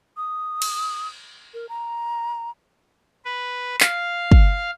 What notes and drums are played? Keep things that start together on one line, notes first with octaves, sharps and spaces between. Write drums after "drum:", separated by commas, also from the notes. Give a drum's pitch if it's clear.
D#6
drum: cymbal
A#4
A#5
B4
F5, drum: clap
drum: kick